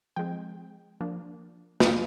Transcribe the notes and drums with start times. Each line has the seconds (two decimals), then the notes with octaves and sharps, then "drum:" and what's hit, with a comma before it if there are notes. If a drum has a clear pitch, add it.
0.16 F3 G#3 C4 G5
1.01 F3 A#3 D4
1.80 G5, drum: snare
1.85 F3 A#3 D4 F5